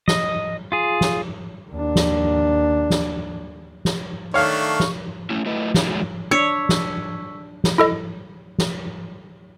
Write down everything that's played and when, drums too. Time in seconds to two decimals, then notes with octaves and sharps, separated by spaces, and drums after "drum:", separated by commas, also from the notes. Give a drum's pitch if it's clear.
0.08 D#5, drum: snare
0.72 F4 G#4
1.01 drum: snare
1.72 D#2 D4
1.96 drum: snare
2.90 drum: snare
3.85 drum: snare
4.34 D#3 A3 D4 C#5 F5 C#6
4.80 drum: snare
5.30 A3 C#4 E4
5.46 F#3 A3 E4 B4 D#5
5.74 F2 A#2 D3 E3 E4, drum: snare
5.87 D#3 F#3 G#3 A3 F#4 G#4
6.31 D4 C#5 E6 B6
6.69 drum: snare
7.64 drum: snare
7.78 E4 A4 D#5
8.58 drum: snare